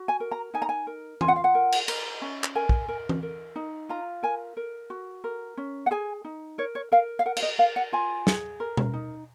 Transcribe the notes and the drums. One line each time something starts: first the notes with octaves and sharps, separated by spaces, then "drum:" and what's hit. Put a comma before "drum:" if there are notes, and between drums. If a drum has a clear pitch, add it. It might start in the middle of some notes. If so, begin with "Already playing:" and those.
Already playing: F#4
G#5
A#4
A#5
D#4 G#5
A#5
G#5
A#4
F4 G#5, drum: tom E3
F#5
F5
F#5
A#4
drum: cymbal
A#4, drum: cymbal
C#4
drum: clap
A#4 G#5
drum: kick
A#4
drum: tom E3
A#4
D#4
F4 A#5
A#4 G#5
A#4
F#4
A#4
C#4
F#5
G#4 G#5
D#4
A#4 C#5
C#5
A#4 F5
F5
A#4 F#5
F5, drum: cymbal
D#5
A#4 F5
F#5
F4 G#5
G#4, drum: snare
A#4
drum: tom B2
D#4